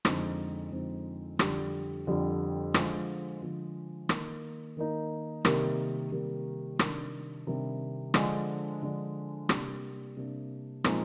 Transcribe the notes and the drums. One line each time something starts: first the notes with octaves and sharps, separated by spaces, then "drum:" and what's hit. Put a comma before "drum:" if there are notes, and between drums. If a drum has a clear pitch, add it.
F2 D3 G#3 C4 D#4, drum: rim click
F2 D3 G#3 C4 D#4
F2 D3 G3, drum: rim click
F2 D3 G3
D3 F3 G#3, drum: rim click
D3 F3 G#3
D#3 A#3 D#4, drum: rim click
D#3 A#3 D#4
C3 D#3 G3 A#3, drum: rim click
C3 D#3 G3 A#3
C3 D#3 G3 D4, drum: rim click
C3 D#3 G3 D4
D3 F3 G#3 D4, drum: rim click
D3 F3 G#3 D4
C3 G3 A#3 D4, drum: rim click
C3 G3 A#3 D4
A#2 F3 G#3 C4 D#4, drum: rim click